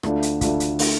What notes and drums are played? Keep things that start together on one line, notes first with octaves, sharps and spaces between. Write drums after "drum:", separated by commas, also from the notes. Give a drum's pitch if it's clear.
D2 D3 A3 D4 F4, drum: rim click
drum: hi-hat
D2 D3 A3 D4 F4, drum: kick, hi-hat
drum: hi-hat
D3 A3, drum: open hi-hat